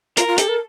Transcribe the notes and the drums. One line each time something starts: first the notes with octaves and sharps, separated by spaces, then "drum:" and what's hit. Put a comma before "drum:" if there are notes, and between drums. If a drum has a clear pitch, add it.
F4 A#4, drum: hi-hat
F4
G4 A4, drum: hi-hat
A#4